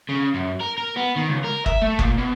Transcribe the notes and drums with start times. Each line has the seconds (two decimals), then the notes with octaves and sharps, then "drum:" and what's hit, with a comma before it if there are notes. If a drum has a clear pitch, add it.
0.09 C#3
0.35 F#2
0.61 A#4
0.78 A#4
0.96 B3
1.16 D#3
1.28 C#2
1.44 A#4
1.66 E5, drum: kick F#1
1.82 A3
1.99 A#2, drum: kick F#1
2.18 B2